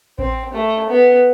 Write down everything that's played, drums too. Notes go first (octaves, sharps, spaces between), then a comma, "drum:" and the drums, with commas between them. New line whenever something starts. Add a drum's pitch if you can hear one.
C4, drum: kick A1
A3
B3